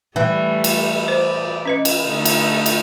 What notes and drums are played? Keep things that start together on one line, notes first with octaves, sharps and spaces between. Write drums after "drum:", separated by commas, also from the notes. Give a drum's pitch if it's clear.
E3 G3 A3
drum: cymbal
C5 D5
C#4 B4 D#5
drum: cymbal
D3 A3 D#4
drum: cymbal
drum: cymbal